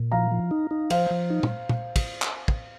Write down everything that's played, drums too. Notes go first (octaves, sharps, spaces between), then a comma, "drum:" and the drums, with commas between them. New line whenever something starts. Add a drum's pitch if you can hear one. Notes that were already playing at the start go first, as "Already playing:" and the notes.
Already playing: A#2
F3 F5 A#5
F3
D#4
D#4
F3 C5 F5, drum: cymbal
F3
D#4
drum: tom
drum: tom
drum: kick, cymbal
drum: clap
drum: kick